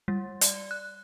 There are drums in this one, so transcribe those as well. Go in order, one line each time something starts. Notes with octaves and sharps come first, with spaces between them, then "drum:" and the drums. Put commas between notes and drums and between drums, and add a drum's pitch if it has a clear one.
G3
D5, drum: hi-hat
F#6